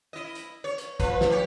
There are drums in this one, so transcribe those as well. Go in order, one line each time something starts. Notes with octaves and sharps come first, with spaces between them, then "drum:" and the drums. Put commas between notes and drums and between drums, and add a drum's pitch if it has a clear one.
E4 D#5
drum: hi-hat
C#5
drum: hi-hat
F3 B4, drum: kick, hi-hat
drum: snare
G4 C#5